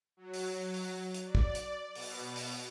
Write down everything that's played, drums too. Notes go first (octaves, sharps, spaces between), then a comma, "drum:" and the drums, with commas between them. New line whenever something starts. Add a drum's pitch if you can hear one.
F#3
drum: open hi-hat
drum: open hi-hat
drum: hi-hat
D5
drum: kick
drum: hi-hat
B2, drum: open hi-hat
drum: open hi-hat